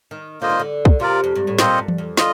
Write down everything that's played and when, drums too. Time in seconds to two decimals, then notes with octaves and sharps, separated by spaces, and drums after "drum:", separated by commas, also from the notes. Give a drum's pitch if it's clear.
0.11 D#3
0.41 D3 A#3 F4 C5 D#5
0.50 D#3
0.59 D3
0.85 drum: kick
1.00 C3 F4 A#4 D5
1.24 F2
1.36 G2
1.47 A2
1.59 A#2 C4 F4 C5 D#5, drum: snare
1.78 G2
1.88 drum: tom E3
1.98 F2
2.17 D3 F4 D#5, drum: snare